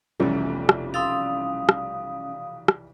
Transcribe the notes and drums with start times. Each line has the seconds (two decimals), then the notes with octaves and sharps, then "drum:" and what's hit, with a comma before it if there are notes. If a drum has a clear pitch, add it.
0.20 F1 B1 E3 G3 A3 C#4
0.69 drum: rim click
0.94 F5 C6 D#6 E6 A6
1.69 drum: rim click
2.68 drum: rim click